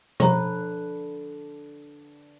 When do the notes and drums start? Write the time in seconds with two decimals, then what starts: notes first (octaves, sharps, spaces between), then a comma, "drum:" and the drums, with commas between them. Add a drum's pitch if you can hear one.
0.20 D3 F3 B4 A#5, drum: tom B2